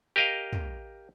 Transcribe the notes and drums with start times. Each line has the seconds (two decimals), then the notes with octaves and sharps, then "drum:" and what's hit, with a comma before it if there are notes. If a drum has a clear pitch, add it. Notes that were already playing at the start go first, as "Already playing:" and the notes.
0.16 G4 A#4 D#5 F5
0.53 drum: tom